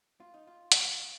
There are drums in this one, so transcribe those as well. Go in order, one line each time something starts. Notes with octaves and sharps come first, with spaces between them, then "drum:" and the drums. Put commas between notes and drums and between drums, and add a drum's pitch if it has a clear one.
F4
D#4
F4
drum: hi-hat